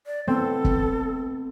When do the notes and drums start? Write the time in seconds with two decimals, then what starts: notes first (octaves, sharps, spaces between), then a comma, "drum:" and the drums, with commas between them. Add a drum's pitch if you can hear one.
0.06 D5
0.28 A3 B3 C4 A4
0.65 drum: kick